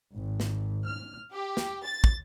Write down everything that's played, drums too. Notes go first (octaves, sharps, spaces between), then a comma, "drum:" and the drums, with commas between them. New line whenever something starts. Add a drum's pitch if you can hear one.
G#1
drum: snare
F6
G4
drum: snare
A6
drum: kick